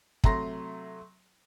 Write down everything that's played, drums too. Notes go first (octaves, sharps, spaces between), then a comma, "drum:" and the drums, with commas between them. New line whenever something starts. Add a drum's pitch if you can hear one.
C3 F#3 A3 A#5 C6 A#6, drum: kick